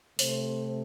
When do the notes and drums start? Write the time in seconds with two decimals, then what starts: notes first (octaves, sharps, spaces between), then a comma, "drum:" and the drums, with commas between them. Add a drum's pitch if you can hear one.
0.19 C3 A3 C5, drum: open hi-hat